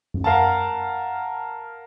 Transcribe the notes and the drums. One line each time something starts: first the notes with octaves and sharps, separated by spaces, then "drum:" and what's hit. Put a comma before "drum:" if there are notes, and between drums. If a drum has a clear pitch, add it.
drum: tom F#2
A#4 F5 F#5 A5